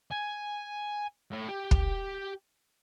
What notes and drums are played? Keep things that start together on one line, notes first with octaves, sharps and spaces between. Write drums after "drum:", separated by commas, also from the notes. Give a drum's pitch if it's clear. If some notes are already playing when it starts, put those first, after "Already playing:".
G#5
A2
G4
drum: kick